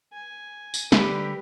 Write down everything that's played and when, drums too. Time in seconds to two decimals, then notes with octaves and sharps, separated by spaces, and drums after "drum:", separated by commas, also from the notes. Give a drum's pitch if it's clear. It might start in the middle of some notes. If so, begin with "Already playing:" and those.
0.12 G#5
0.74 drum: tambourine
0.92 D3 G3 G4 A#4 B4, drum: snare